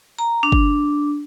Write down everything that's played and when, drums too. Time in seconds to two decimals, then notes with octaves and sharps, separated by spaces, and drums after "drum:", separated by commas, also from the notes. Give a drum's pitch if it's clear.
0.19 A#5
0.43 D4
0.52 drum: kick G1